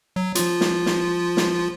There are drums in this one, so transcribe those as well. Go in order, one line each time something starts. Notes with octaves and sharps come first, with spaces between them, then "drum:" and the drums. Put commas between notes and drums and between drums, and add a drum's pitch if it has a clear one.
F#3
F3 F4, drum: hi-hat
drum: snare
drum: snare
drum: snare